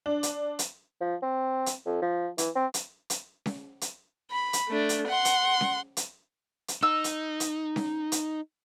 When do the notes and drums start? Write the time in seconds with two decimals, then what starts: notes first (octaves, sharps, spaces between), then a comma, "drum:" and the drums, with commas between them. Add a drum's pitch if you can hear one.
0.06 D4
0.23 drum: hi-hat
0.59 drum: hi-hat
1.01 F3
1.23 C4
1.66 drum: hi-hat
1.86 F2
2.02 F3
2.38 E3, drum: hi-hat
2.56 C4
2.74 drum: hi-hat
3.10 drum: hi-hat
3.46 drum: snare C#4
3.81 drum: hi-hat
4.31 B5
4.53 drum: hi-hat
4.68 A3 D4
4.89 drum: hi-hat
5.07 F#5 C6
5.25 drum: hi-hat
5.61 drum: snare C#4
5.97 drum: hi-hat
6.68 drum: hi-hat
6.83 D#4 E6
7.04 drum: hi-hat
7.40 drum: hi-hat
7.76 drum: snare C#4
8.12 drum: hi-hat